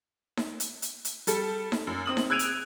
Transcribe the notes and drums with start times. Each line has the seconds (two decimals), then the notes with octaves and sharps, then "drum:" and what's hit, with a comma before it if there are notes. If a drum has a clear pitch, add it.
0.37 drum: snare D#4
0.60 drum: hi-hat
0.82 drum: hi-hat
1.05 drum: hi-hat
1.27 G3 A4, drum: hi-hat
1.72 drum: snare D#4
1.87 F#2
2.06 C4 D#6 F#7
2.17 drum: snare D#4
2.30 E6 F#6 G#6 D7 D#7 F7
2.39 drum: hi-hat